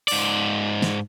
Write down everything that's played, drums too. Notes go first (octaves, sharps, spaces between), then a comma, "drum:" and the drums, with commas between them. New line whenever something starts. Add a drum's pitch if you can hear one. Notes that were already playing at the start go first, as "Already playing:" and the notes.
G#2 D5, drum: open hi-hat
drum: snare